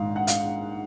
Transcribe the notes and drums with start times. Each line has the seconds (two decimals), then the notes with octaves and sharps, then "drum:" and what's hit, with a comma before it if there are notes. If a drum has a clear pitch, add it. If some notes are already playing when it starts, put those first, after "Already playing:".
Already playing: A#1 G#2 D#3 F5
0.16 F#5
0.27 F5, drum: hi-hat